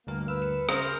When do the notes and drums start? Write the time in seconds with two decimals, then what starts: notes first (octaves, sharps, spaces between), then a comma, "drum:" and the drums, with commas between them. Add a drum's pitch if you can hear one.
0.07 D2 G2 A#3 A#4
0.28 B4 E6
0.42 C#7
0.69 C#3 G#4 A#4 C5, drum: rim click